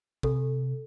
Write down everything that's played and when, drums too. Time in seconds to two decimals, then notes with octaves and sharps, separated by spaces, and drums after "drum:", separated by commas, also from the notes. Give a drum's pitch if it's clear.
0.23 C3 A4, drum: kick